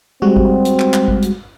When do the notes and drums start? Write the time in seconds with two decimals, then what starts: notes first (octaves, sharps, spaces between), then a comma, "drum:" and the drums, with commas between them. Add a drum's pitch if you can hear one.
0.22 G3 G#3 C4 F#4
0.36 drum: kick G#1
0.65 drum: hi-hat
0.79 drum: clap
0.94 drum: clap
1.08 drum: kick G#1
1.22 drum: hi-hat